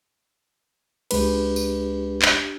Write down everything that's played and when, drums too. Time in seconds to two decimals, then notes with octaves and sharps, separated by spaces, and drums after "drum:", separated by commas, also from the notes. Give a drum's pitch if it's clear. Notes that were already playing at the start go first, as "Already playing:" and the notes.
1.11 C#2 G#3 D4 G4 B4, drum: cymbal
1.56 drum: tambourine
2.22 drum: clap